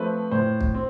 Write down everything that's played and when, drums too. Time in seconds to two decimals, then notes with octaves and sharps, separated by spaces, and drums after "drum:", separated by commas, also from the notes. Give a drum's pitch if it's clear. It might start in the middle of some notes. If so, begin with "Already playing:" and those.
Already playing: F3 A3 C4 B4
0.31 A2 C5
0.61 drum: kick
0.75 C4